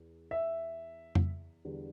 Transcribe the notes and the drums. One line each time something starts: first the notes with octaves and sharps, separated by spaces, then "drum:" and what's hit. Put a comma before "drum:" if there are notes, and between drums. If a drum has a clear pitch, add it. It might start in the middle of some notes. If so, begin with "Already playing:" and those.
Already playing: E2
E5
drum: tom F2
E2 D3 G3